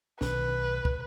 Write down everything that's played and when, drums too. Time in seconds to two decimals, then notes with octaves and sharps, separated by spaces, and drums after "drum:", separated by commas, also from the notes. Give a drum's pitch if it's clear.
0.21 B1 D#3 B4, drum: snare
0.85 drum: kick